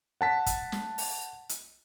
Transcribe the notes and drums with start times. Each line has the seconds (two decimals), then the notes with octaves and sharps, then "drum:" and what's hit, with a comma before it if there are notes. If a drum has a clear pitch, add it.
0.21 F#5 A5 B6
0.46 drum: kick, hi-hat
0.72 drum: snare
0.98 drum: open hi-hat
1.49 drum: hi-hat